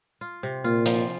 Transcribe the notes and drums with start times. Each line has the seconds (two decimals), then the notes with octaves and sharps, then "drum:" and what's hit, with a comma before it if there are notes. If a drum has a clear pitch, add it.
0.21 F4
0.43 C3
0.64 A#2 F4
0.86 F3, drum: hi-hat